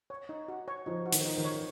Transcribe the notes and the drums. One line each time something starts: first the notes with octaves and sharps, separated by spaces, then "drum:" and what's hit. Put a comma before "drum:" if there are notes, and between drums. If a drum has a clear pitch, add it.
C#5
D#4
F#4
C#5
F3 D#4
F#4
D#3, drum: hi-hat
D#4
D#3
C#5